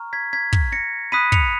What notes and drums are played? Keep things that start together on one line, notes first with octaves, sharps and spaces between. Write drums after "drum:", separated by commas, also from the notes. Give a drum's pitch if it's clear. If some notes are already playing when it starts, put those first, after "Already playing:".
Already playing: A#5 C#6 F6
G#6 B6
G#6 B6
drum: kick
A#6 C#7
B5 D#6 F#6 B6 D#7
C#7 F7, drum: kick